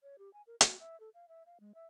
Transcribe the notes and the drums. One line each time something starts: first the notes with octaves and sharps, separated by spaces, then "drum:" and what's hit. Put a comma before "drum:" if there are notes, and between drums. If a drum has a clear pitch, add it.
C#5
G4
G#5
A#4
F#4, drum: hi-hat
E5
A4
F5
E5
F5
G#3
E5